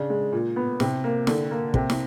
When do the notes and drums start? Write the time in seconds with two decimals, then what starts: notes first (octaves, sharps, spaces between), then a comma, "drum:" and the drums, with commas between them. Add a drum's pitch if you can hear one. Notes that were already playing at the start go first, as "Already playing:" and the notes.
Already playing: C#3 D4
0.10 G#3
0.32 A#2
0.56 B3
0.80 C3, drum: snare
1.04 A#3
1.27 D3, drum: snare
1.51 A#3
1.74 C3, drum: kick
1.90 drum: snare